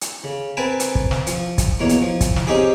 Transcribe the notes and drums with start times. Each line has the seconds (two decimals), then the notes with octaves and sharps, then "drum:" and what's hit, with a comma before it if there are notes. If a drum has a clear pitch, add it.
0.01 drum: hi-hat
0.24 C#3
0.57 C4 A#4 B4 G#5 A5
0.80 drum: hi-hat
0.95 drum: kick
1.11 drum: snare
1.27 F3, drum: hi-hat
1.58 drum: kick, hi-hat
1.80 E2 B2 A#3 C#5
1.89 drum: hi-hat
2.02 F3
2.21 drum: kick, hi-hat
2.36 drum: snare
2.47 C4 C#4 D#4 G4 G#4